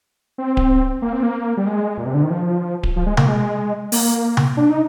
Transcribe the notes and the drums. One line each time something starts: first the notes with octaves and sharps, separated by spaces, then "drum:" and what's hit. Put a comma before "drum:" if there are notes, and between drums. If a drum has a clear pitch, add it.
C4
drum: kick D1
A#3
C4
A#3
G3
G#3
A#2
C3
D3
D#3
F3
drum: kick D1
F3
G#3
A#3, drum: tom C3
G#3
A#3, drum: open hi-hat
drum: tom C3
D4
D#4